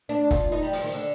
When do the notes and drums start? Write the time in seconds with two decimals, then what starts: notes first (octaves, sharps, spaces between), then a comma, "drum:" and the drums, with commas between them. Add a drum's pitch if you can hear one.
0.09 D4
0.31 F4, drum: kick F1
0.52 D#4
0.62 G3
0.73 F3, drum: open hi-hat
0.83 D#3
0.94 D3